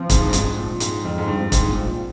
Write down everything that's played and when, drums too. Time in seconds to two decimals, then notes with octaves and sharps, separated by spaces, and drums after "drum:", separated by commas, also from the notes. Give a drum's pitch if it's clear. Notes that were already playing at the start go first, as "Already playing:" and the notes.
Already playing: F3 C4
0.10 G#2, drum: kick, hi-hat
0.29 G2
0.33 G#2, drum: hi-hat
0.57 A#2
0.80 G#2 F3 G#3 C4, drum: hi-hat
1.05 F2
1.18 G#2
1.28 G2
1.52 G#2, drum: kick, hi-hat
1.71 A#2